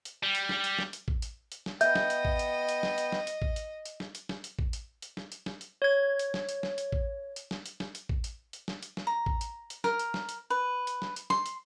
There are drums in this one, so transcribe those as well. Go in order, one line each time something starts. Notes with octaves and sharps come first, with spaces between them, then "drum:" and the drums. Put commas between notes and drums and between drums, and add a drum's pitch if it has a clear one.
drum: hi-hat
G3
drum: hi-hat
drum: snare
drum: hi-hat
drum: snare
drum: hi-hat
drum: kick
drum: hi-hat
drum: hi-hat
drum: snare
B3 D#5 E5 G5 G6, drum: hi-hat
drum: snare
drum: hi-hat
drum: kick
drum: hi-hat
drum: hi-hat
drum: snare
drum: hi-hat
drum: snare
drum: hi-hat
drum: kick
drum: hi-hat
drum: hi-hat
drum: snare
drum: hi-hat
drum: snare
drum: hi-hat
drum: kick
drum: hi-hat
drum: hi-hat
drum: snare
drum: hi-hat
drum: snare
drum: hi-hat
C#5 G#6
drum: hi-hat
drum: snare
drum: hi-hat
drum: snare
drum: hi-hat
drum: kick
drum: hi-hat
drum: snare
drum: hi-hat
drum: snare
drum: hi-hat
drum: kick
drum: hi-hat
drum: hi-hat
drum: snare
drum: hi-hat
drum: snare
A#5
drum: kick
drum: hi-hat
drum: hi-hat
A#4, drum: snare
drum: hi-hat
drum: snare
drum: hi-hat
B4
drum: hi-hat
drum: snare
drum: hi-hat
C6, drum: snare
drum: hi-hat